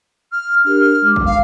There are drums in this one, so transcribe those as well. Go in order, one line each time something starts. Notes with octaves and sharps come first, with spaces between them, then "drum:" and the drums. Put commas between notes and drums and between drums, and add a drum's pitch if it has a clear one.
F6
D4 G4 A#4 F6
G#3 D6
drum: kick G#1
F5